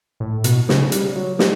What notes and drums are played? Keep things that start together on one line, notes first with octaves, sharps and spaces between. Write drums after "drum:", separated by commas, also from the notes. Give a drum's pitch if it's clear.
A2
B2, drum: hi-hat
C#3, drum: snare
G3, drum: hi-hat
F#3
G3, drum: snare